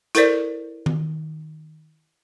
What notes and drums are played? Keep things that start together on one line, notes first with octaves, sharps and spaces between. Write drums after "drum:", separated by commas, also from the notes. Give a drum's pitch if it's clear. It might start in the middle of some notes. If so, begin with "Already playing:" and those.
E4 A4 A#4 C5 D5, drum: hi-hat
drum: tom D#3